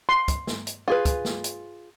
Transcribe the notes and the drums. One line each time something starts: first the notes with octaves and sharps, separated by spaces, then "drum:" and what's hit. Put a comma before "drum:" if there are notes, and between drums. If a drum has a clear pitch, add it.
C6
drum: kick, hi-hat
drum: snare
drum: hi-hat
F4 G#4 B4
drum: kick, hi-hat
drum: snare
drum: hi-hat